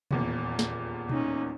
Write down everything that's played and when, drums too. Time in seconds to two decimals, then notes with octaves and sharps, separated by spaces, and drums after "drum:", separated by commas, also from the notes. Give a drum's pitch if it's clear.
0.11 D#1 E2 A#2, drum: tom B2
0.59 drum: snare
1.09 C#4 D#4, drum: tom B2